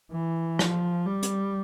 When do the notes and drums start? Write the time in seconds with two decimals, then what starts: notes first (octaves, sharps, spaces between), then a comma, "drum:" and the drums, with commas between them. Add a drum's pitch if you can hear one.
0.12 E3
0.59 F3, drum: rim click
1.07 G3
1.23 drum: hi-hat